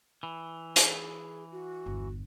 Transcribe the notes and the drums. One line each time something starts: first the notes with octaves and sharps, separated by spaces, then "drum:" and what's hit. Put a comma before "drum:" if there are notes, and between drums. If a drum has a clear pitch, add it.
E3
G#4, drum: hi-hat
F#4
G1 E2